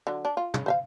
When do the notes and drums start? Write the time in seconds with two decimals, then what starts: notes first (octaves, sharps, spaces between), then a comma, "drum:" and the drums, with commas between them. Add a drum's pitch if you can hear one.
0.07 D3 F#3
0.25 D4
0.37 F4
0.54 C#3, drum: tom
0.66 C5 E5 F5